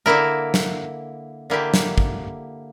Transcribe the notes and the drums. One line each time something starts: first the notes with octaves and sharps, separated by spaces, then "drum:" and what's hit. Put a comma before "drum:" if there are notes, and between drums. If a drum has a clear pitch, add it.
D3 A#3 E4 A#4
drum: snare
D3 A#3 E4 G4
drum: snare
drum: kick